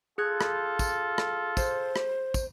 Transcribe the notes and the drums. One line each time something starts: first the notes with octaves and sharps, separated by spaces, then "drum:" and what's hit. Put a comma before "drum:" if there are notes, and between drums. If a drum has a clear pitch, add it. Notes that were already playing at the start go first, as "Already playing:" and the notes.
F4 G#4 A4 F#6 G#6
drum: rim click
drum: kick, tambourine
drum: rim click
C5, drum: kick, tambourine
drum: rim click
drum: kick, tambourine